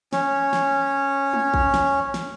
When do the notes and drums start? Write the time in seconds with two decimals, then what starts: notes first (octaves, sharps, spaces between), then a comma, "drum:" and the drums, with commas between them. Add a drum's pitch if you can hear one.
0.13 C#4 C#5, drum: snare
0.53 drum: snare
1.34 drum: tom
1.54 drum: kick A1
1.74 drum: snare
2.14 drum: snare